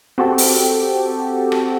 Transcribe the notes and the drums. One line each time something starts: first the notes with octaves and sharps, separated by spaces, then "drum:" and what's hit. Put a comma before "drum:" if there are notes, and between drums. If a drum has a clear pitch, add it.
C4 F#4 G4 A4
drum: open hi-hat
drum: rim click